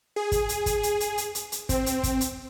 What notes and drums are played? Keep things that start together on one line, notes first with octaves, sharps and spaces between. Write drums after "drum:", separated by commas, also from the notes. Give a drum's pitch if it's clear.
G#4
drum: kick, hi-hat
drum: hi-hat
drum: kick, hi-hat
drum: hi-hat
drum: hi-hat
drum: hi-hat
drum: hi-hat
drum: hi-hat
C4, drum: kick, hi-hat
drum: hi-hat
drum: kick, hi-hat
drum: hi-hat